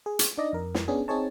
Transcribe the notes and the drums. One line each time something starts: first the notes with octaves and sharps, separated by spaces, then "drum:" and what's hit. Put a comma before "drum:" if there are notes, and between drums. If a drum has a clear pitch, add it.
G#4
drum: hi-hat
D4 D#4 D5 D#5 A#6
F2 A#4
drum: snare
B3 C#4 D4 G#4
C4 D#4 G#4 C#5 A5